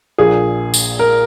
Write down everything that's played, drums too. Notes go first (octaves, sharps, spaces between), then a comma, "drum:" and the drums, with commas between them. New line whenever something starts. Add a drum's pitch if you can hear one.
A#1 A#2 G#4
drum: tambourine
A#4